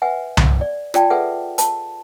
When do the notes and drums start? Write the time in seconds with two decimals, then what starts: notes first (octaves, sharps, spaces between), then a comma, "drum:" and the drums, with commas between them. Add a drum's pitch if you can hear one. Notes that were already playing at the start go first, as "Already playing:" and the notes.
0.02 B4 E5 F#5 G#5
0.37 drum: tom C2
0.61 D5
0.94 F4 D5 G5 A5, drum: rim click
1.10 G#4 A4 B4 E5 F#5
1.58 A5, drum: hi-hat